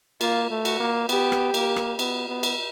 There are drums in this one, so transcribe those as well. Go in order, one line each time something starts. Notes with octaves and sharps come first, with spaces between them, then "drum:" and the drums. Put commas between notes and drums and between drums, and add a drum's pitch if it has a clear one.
A#3 F4, drum: cymbal
A3
F#4, drum: cymbal
A#3
B3 G4, drum: cymbal
drum: rim click
A#3, drum: cymbal
drum: rim click
B3, drum: cymbal
B3
drum: cymbal